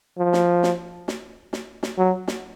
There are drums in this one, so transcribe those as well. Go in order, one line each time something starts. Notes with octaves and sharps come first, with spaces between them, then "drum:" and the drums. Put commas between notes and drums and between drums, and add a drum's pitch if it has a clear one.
F3
drum: snare
drum: snare
drum: snare
drum: snare
drum: snare
F#3
drum: snare